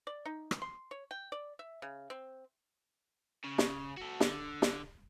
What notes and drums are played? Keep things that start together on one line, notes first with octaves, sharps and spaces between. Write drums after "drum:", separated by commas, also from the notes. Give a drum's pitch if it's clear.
D5
D#4
drum: rim click
C6
C#5
G5
D5
E5
C#3
C4
C#3
drum: snare
F#4 A4
D3, drum: snare
drum: snare